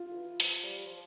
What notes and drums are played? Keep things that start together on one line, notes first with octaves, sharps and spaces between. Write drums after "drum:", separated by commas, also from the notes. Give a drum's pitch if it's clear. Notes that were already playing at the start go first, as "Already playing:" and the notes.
Already playing: F4
D3
E3
F3, drum: hi-hat
G3
F3